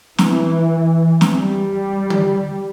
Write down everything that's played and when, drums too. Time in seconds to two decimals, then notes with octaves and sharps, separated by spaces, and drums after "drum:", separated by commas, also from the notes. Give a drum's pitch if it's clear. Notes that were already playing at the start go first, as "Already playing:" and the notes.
0.18 E3, drum: snare
1.21 drum: snare
1.35 G3
2.10 drum: tom